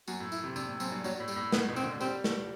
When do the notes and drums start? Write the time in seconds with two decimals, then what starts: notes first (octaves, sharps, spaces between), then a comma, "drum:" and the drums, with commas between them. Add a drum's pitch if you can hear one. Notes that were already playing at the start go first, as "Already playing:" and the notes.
0.07 F#2 F#4, drum: tambourine
0.20 A2
0.32 E4, drum: tambourine
0.44 C3
0.56 C3 D4, drum: tambourine
0.68 A2
0.80 F#2 C4, drum: tambourine
0.92 G2
1.04 G2 F#3, drum: tambourine
1.20 A2
1.28 G3, drum: tambourine
1.36 A2
1.52 A2 B3, drum: snare
1.68 B2
1.76 C4, drum: tambourine
1.84 D3
2.01 G3 C4, drum: tambourine
2.24 A3, drum: snare